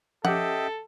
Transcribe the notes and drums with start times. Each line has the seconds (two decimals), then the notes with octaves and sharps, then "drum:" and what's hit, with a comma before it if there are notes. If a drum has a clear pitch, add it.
0.25 C#4 G4 A4 D#5 E5 F#5 G5, drum: tom F3